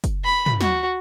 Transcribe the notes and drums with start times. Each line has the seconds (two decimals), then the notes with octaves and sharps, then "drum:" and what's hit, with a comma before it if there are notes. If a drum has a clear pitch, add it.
0.04 drum: kick, hi-hat
0.24 B5
0.46 drum: tom
0.61 F#4, drum: snare